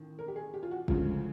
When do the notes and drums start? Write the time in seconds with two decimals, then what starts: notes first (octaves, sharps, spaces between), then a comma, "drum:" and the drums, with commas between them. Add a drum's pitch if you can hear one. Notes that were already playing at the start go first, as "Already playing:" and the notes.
Already playing: A1 D#3
0.19 A#4
0.28 G4
0.36 G#4
0.54 G4
0.63 F4
0.71 F#4
0.88 D2 C#3 F3 G#3 F4, drum: kick